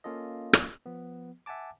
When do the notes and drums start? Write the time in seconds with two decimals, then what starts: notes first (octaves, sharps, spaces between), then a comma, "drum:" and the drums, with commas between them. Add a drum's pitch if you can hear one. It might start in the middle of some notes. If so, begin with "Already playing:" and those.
0.04 A#3 C#4 F4 A4 D#5
0.53 drum: rim click
0.86 F3 B3
1.46 E5 F#5 G#5 A5 D6